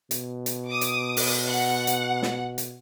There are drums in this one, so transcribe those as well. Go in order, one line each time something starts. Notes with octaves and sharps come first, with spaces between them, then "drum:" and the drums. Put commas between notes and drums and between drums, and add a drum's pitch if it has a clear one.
B2, drum: hi-hat
drum: hi-hat
D6 D#6
drum: hi-hat
drum: open hi-hat
F#5
drum: hi-hat
drum: snare
drum: hi-hat